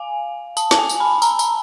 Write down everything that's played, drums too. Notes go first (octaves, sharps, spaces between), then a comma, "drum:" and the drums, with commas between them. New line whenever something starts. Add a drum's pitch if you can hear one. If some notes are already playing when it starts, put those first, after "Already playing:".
Already playing: F5 G#5
A5, drum: tambourine
A5, drum: snare
G#5
drum: tambourine
B5
A#5, drum: tambourine
A#5, drum: tambourine